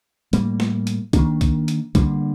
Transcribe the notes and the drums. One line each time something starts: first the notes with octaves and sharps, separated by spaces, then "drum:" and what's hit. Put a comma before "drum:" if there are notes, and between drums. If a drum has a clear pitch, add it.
A2 G3 A#3, drum: hi-hat
drum: snare
drum: hi-hat
D#3 A#3 D4, drum: kick B1, hi-hat
drum: kick B1, hi-hat
drum: hi-hat
D3 G3 A#3 D4, drum: kick B1, hi-hat